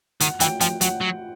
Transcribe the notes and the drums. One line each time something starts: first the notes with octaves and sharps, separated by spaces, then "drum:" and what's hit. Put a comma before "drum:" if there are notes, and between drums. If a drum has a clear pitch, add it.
D#3 F#5, drum: hi-hat
E3 G5, drum: hi-hat
F3 G5, drum: hi-hat
F#3 F#5, drum: hi-hat
F#3